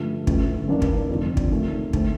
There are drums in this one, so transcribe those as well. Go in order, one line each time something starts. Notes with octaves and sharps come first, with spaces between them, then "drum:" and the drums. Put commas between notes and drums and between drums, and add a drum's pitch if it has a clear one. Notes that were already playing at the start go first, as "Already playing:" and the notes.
Already playing: G2 D3 F3 A3
A1 G2 D3 A3, drum: kick
A1 G2 D#3 A#3 D4
drum: kick
F1 F2 D3
drum: kick
D#2 D#3 A3
D3 A3 C4, drum: kick